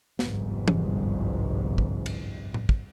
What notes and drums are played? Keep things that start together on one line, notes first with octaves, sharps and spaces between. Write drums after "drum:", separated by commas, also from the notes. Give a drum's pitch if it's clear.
G1 C2 F2 G#2, drum: snare
drum: tom
drum: kick
drum: cymbal
drum: tom A2
drum: kick